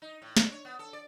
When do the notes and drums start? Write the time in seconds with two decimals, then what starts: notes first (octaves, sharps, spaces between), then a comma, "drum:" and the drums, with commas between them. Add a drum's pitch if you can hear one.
0.02 D#4
0.22 A2
0.37 D4, drum: snare
0.52 C#5
0.65 B3
0.79 A4
0.93 D5